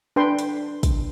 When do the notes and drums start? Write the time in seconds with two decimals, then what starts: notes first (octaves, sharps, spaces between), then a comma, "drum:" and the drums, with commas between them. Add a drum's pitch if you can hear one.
0.16 D4 B4 G5 C6
0.39 drum: hi-hat
0.83 drum: kick, hi-hat